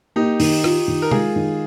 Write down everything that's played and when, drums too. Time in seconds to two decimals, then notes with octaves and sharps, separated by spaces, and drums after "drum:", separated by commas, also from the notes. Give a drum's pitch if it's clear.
0.16 A#3 D#4 G4
0.40 D#3, drum: open hi-hat
0.64 F4, drum: rim click
0.88 D#3
1.02 A#4
1.11 G#3 F4 G#4, drum: tom
1.36 D#3